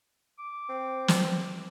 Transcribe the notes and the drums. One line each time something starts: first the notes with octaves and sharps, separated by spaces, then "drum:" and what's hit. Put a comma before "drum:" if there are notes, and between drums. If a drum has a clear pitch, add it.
D6
C4
drum: snare